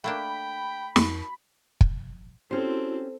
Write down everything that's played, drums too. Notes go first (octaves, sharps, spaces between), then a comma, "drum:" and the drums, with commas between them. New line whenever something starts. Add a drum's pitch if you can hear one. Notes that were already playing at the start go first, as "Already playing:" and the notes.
A3 A#3 D4 G5 B5
F2 F#4, drum: snare
drum: kick
C4 C#4 E4 F#4 G4 A4 C5